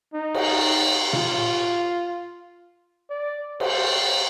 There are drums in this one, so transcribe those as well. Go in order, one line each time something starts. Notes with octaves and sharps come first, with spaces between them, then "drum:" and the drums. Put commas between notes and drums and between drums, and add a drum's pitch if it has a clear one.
D#4
drum: cymbal
F4, drum: tom A#2
D5
C5, drum: cymbal